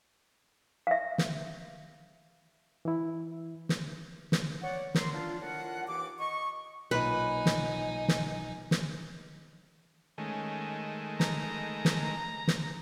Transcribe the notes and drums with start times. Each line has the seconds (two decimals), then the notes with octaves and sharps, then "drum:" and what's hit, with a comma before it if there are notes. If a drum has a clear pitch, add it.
0.87 E5 F5
1.18 drum: snare
2.85 E3 E4
3.69 drum: snare
4.32 drum: snare
4.62 C#5 D5 F#5
4.95 A#4 D5 E5 A#5 C6, drum: snare
5.14 D4 F4
5.41 A2 D4 F4 A#4 F#5
5.88 D#2 E3 D6
6.19 D#5 C#6
6.91 B1 A#2 D#4 B4 G#5
7.46 drum: snare
8.08 drum: snare
8.71 drum: snare
10.18 D#3 G#3 A3 C#4
11.20 A#5, drum: snare
11.85 drum: snare
12.48 drum: snare